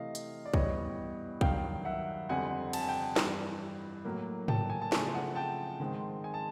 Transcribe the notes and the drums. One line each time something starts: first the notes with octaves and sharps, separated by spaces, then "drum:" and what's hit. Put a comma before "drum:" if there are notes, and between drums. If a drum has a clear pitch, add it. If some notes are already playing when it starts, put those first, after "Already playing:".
Already playing: C3 E3 A3 D#5 F5
drum: hi-hat
D5
G2 E3 G3 B3 C#5 D#5, drum: kick B1
G2 D#3 F#3 F5 G5, drum: kick B1
E5 F#5
F2 D3 G3 C4 F#5 G#5
A5, drum: cymbal
G#5
G5 A5
G2 E3 G3, drum: snare
A2 F#3 A#3
G5 A5, drum: tom G#2
G#5
A5
C#3 F3 A3 C4 G#5, drum: snare
A5
F#5 G#5
G5 A5
G#2 D#3 G#3 C4
G#5
A5